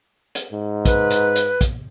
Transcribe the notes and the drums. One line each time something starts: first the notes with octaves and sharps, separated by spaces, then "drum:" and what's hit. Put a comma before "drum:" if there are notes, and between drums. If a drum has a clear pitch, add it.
drum: hi-hat
G#2
B4, drum: kick, hi-hat
drum: hi-hat
drum: hi-hat
drum: kick, hi-hat